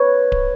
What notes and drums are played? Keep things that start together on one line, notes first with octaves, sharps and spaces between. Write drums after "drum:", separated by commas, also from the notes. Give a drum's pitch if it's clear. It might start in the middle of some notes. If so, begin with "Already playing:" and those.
Already playing: B4 C#5
drum: kick D1